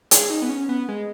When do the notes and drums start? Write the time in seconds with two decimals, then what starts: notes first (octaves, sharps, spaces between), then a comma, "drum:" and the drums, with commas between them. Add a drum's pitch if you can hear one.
0.11 G#4, drum: hi-hat
0.30 D#4
0.42 B3
0.49 C#4
0.69 B3
0.88 G#3